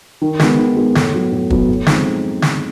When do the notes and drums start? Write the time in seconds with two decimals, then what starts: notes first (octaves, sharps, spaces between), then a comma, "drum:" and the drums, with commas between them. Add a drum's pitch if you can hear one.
0.21 D#3
0.39 G#3 B3, drum: snare
0.59 D#3
0.77 G#3 B3
0.95 A2, drum: snare
1.14 F#3 B3
1.32 A2
1.50 F#3 B3, drum: kick
1.69 A2
1.86 F3 G#3 C4 D#4, drum: snare
2.42 drum: snare